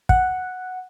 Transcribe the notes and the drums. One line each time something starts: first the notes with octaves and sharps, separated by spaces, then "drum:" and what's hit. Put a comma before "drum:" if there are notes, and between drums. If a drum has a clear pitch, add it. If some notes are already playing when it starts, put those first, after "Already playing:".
F#5, drum: kick